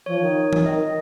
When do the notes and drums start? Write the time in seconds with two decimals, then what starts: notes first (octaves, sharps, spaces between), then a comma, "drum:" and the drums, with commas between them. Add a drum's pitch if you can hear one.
0.06 F3 C#5
0.22 D#3
0.53 drum: tom E3
0.66 D#5